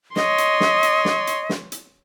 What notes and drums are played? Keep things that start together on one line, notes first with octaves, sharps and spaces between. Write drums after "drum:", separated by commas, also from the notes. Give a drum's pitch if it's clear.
C#5 D#5 C6, drum: snare
drum: hi-hat
drum: snare
drum: hi-hat
drum: snare
drum: hi-hat
drum: snare
drum: hi-hat